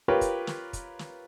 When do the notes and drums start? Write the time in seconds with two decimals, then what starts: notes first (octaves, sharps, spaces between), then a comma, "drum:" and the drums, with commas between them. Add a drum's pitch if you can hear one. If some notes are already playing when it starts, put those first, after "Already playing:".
0.08 F4 G4 A#4 B4 C#5
0.21 drum: kick, hi-hat
0.47 drum: snare
0.73 drum: kick, hi-hat
0.99 drum: snare